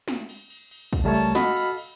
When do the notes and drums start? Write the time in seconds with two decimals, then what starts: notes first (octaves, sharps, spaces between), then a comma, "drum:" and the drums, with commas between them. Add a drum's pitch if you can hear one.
0.08 drum: snare
0.29 drum: cymbal
0.50 drum: cymbal
0.71 drum: cymbal
0.93 drum: kick, cymbal
1.04 C#2 G3 A3 A#4 C#5 A5
1.14 drum: cymbal
1.35 F#4 A4 D#5 F5 B5, drum: snare
1.56 drum: cymbal
1.78 drum: cymbal